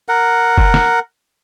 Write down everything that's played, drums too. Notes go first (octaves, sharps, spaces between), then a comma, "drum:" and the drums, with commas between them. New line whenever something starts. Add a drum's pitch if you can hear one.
A#4 F#5
drum: kick
drum: snare